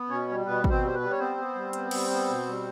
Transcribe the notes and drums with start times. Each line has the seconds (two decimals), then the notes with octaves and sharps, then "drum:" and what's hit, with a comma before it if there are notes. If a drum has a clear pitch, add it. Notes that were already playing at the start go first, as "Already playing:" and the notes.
Already playing: B3
0.09 B2 C#4 C#5
0.28 G3
0.45 B2 B3 B4
0.64 B2, drum: kick
0.70 C4 C5
0.82 G3 C5
0.94 B3 B4
1.00 G3
1.11 C#5
1.18 B3 C4 C5
1.37 B3
1.55 G3
1.73 B3, drum: hi-hat
1.91 G3, drum: cymbal
2.10 B3
2.28 B2
2.47 G3